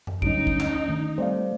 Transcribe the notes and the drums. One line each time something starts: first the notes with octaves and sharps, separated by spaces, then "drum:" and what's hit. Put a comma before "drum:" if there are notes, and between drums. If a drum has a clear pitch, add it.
drum: tom F#2
D2 G2 F#3 C#4 D#4 D7, drum: kick
drum: kick
drum: clap
D#3 A3 D4
G3 A3 C4 C5 D5 F5